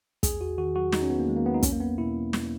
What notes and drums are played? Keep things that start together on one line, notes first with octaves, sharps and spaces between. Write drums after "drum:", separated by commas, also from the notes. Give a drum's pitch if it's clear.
E2 G#4, drum: kick, hi-hat
E2 F#4
D#3 F#4
F#3 F#4
E2 D#4, drum: snare
C#4
E2 B3
A#3
D#3 G#3
A#3
F#3 B3
D#4
E2 C#4, drum: kick, hi-hat
A#3
E2 B3
B2 E4
F#3
drum: snare